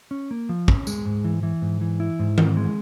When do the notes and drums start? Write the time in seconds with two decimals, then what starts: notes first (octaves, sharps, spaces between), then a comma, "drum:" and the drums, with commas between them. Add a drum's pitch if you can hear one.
0.11 C#4
0.31 A#3
0.49 F3
0.68 C#4, drum: kick
0.87 G#3, drum: tambourine
1.05 G#2
1.25 E3
1.43 E3
1.62 G#2
1.81 E3
2.00 E4
2.19 G#2
2.38 E3, drum: tom D#3
2.57 G#3